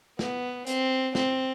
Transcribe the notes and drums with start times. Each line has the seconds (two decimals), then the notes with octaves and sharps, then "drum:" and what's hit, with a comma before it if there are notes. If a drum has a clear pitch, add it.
0.19 B3, drum: snare
0.67 C4, drum: hi-hat
1.15 C4, drum: snare